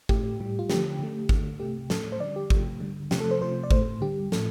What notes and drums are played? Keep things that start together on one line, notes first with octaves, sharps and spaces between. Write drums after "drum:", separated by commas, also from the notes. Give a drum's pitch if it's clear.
A2 A3 G4, drum: kick G#1
A2 G3
F4
D3 F3 A3 G4, drum: snare
D3 A3
D3 A3, drum: kick G#1
C3 A3 G4
A2 A3 A4, drum: snare
C5
D3 G3 D5
G4
C3 F3 A3, drum: kick G#1
D3 G3
C3 F3 A3 G4, drum: snare
A4
C5
C3 F3 A3 C5
D5
A2 A3 C5, drum: kick G#1
D3 G3 G4
A2 F3 A3 A4, drum: snare